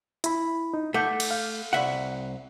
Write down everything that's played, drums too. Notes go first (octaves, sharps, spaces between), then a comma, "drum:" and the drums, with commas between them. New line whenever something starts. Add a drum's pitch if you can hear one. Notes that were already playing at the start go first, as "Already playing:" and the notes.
E4 B5, drum: hi-hat
D#4
A3 F#5 D6 G6
drum: cymbal
F5
C2 E5 F#5